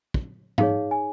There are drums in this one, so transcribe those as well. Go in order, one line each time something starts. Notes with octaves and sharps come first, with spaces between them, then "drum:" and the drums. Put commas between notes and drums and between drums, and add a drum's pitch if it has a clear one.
drum: kick
D#4 G#4 C#5 F5, drum: tom G#2
G#5